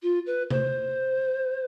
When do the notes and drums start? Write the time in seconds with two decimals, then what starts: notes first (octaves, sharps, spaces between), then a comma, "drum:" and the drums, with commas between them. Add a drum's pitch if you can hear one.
0.02 F4
0.26 B4
0.50 C5, drum: tom C3